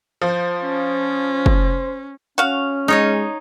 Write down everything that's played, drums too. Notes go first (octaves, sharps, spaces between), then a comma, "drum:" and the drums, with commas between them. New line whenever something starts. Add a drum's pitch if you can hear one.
F3 C5
C#4
drum: kick
C#4 F#4 F5
G#3 D#4 C#5 D#5